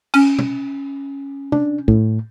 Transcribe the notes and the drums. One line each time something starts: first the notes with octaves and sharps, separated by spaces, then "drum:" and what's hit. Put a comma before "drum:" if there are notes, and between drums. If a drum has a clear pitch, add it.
C#4, drum: cymbal
drum: tom
D4, drum: tom C3
A2, drum: kick